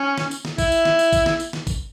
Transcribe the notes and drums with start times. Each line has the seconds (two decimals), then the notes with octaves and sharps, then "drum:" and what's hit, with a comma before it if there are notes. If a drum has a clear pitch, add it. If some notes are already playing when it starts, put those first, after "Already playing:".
Already playing: C#4
0.18 drum: snare
0.31 drum: tambourine
0.45 drum: snare
0.58 E4, drum: kick, tambourine
0.72 drum: tambourine
0.85 drum: snare
0.99 drum: tambourine
1.13 drum: kick, tambourine
1.26 drum: snare
1.40 drum: tambourine
1.53 drum: snare
1.67 drum: kick, tambourine